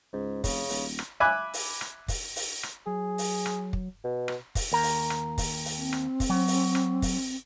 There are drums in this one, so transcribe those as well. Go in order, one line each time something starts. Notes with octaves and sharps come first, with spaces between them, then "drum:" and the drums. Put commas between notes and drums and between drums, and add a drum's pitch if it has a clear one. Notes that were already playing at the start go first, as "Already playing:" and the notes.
C#2 G#2
F1 C#3, drum: kick, open hi-hat
D#1, drum: open hi-hat
drum: rim click
E5 G#5 B5 D6 F#6
drum: open hi-hat
drum: rim click
drum: kick, open hi-hat
drum: open hi-hat
drum: rim click
F#3 G#4
drum: open hi-hat
drum: rim click
drum: kick
B2
drum: rim click
drum: kick, open hi-hat
D#2 A#4 A#5
drum: open hi-hat
drum: rim click
drum: kick, open hi-hat
drum: open hi-hat
C4
drum: rim click
drum: kick, open hi-hat
F#3
drum: open hi-hat
drum: rim click
drum: kick, open hi-hat